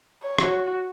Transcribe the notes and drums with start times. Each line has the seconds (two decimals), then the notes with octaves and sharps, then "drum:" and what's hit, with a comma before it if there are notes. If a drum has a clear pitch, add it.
0.23 C#5
0.38 F#4, drum: rim click